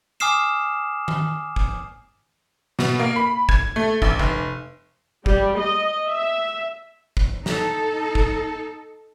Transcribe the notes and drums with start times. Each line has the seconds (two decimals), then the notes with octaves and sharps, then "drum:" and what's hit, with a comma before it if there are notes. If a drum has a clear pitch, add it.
0.20 G#5 D6 D#6 F6 C7 E7, drum: hi-hat
1.08 drum: tom D#3
1.56 drum: kick
2.79 B2, drum: snare
3.00 A#3
3.16 B5
3.49 G#6, drum: kick
3.76 A3
4.02 A1, drum: kick
4.19 F1, drum: kick
5.26 G3, drum: kick
5.59 D#5
6.06 E5
7.17 drum: kick
7.46 D#4 A4, drum: snare
8.15 drum: kick